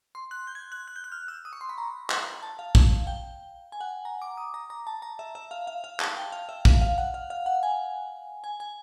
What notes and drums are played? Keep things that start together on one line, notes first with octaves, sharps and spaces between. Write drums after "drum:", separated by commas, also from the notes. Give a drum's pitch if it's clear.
C6
F#6
G6
G#6
F#6
F#6
G6
F#6
F6
E6
D#6
C#6
C6
B5
A#5
drum: clap
A5
F5
drum: kick
G5
G#5
F#5
A#5
D6
D#6
A#5
A#5
A5
A#5
E5
E5
F5
F5
F5
A5, drum: clap
G5
F5
E5
F5, drum: kick
F5
F#5
F5
F5
F#5
G#5
G#5
G#5